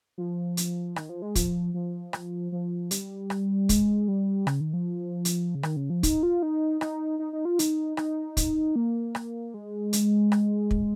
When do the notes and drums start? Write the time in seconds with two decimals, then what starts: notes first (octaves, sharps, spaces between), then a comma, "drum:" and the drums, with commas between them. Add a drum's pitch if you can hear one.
0.18 F3
0.57 drum: hi-hat
0.96 D#3, drum: rim click
1.09 F3
1.22 G#3
1.35 F3, drum: kick, hi-hat
1.74 F3
2.13 drum: rim click
2.52 F3
2.91 G3, drum: hi-hat
3.30 drum: rim click
3.69 G#3, drum: kick, hi-hat
4.08 G3
4.47 C#3, drum: rim click
4.61 D#3
4.73 F3
5.25 drum: hi-hat
5.55 C#3
5.63 D#3, drum: rim click
5.76 C#3
5.90 F3
6.03 D#4, drum: kick, hi-hat
6.23 F4
6.42 D#4
6.81 D#4, drum: rim click
7.19 D#4
7.33 D#4
7.45 F4
7.59 D#4, drum: hi-hat
7.97 D#4, drum: rim click
8.37 drum: kick, hi-hat
8.76 A#3
9.15 drum: rim click
9.54 G#3
9.93 drum: hi-hat
10.32 drum: rim click
10.71 drum: kick